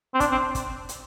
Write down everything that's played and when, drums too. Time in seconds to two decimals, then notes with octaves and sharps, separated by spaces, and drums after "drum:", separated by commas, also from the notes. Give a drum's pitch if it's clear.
0.14 C4
0.20 D4, drum: kick, hi-hat
0.32 C4
0.55 drum: kick, hi-hat
0.89 drum: hi-hat